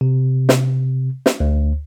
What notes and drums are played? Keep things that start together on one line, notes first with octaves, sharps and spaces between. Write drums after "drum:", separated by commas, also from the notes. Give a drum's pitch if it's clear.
C3
drum: snare
drum: snare
D2